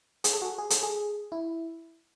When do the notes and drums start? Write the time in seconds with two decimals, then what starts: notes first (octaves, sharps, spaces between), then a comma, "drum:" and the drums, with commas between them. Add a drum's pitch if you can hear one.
0.24 G#4, drum: hi-hat
0.33 A4
0.42 F#4
0.46 G#4
0.58 G#4
0.70 A4, drum: hi-hat
0.83 G#4
1.32 E4